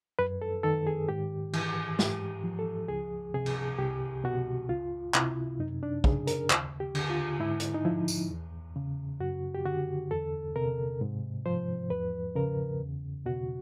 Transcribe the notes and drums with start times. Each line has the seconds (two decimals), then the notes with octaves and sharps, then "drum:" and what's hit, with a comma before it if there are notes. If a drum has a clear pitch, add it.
0.19 F#2 B4
0.42 A4
0.63 D#3 A4
0.87 G#4
1.09 G#2 G4
1.53 E3, drum: cymbal
1.99 G#2 G4, drum: snare
2.44 F3
2.59 A4
2.88 C#2 G#4
3.34 C3 G#4
3.46 drum: cymbal
3.79 C2 G4
4.24 B2 F#4
4.69 C#2 F4
5.14 C3 E4, drum: clap
5.59 F#2 D#4
5.83 D4
6.04 C#3 G#4, drum: kick
6.27 A#4, drum: hi-hat
6.50 D#2, drum: clap
6.80 G4
6.95 D3, drum: cymbal
7.10 F4
7.40 G#2 E4
7.60 drum: hi-hat
7.75 D#4
7.85 F3 E4
8.08 drum: tambourine
8.30 E2
8.76 C#3
9.20 F#2 F#4
9.55 G4
9.65 D3 F#4
10.11 E2 A4
10.56 C3 A#4
11.01 G#2
11.46 F3 C5
11.90 E2 B4
12.35 C#3 A#4
12.81 E2
13.26 B2 F#4